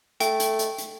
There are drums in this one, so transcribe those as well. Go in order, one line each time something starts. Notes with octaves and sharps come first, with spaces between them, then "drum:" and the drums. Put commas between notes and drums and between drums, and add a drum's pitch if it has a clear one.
A3 G5, drum: hi-hat
drum: hi-hat
drum: hi-hat
drum: hi-hat